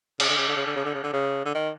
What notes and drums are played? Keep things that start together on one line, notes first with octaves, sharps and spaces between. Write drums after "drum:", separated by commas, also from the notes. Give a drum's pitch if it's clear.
C#3, drum: cymbal
D3
C#3
D3
C#3
D3
C#3
D3
C#3
D3
C#3
D3
D#3